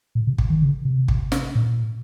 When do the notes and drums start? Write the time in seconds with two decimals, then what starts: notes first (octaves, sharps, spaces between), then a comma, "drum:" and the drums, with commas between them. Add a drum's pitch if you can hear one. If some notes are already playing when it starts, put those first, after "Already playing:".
0.15 A#2
0.27 C3
0.38 drum: kick
0.50 D#3
0.62 C#3
0.85 C3
1.08 drum: kick
1.32 drum: snare
1.55 A#2